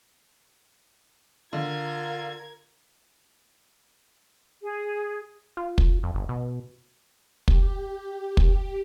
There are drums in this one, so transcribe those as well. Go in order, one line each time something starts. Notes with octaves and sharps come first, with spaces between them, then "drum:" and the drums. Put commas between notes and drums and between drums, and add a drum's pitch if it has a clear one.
D3 F4 A#4 G#6
G#4
F4
drum: kick
F2
G1
B2
G4, drum: kick
drum: kick